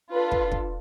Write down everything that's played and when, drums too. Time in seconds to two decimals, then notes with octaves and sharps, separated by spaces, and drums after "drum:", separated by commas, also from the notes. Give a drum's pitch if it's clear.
0.11 D4 F4 A4 B4
0.32 drum: kick
0.52 drum: kick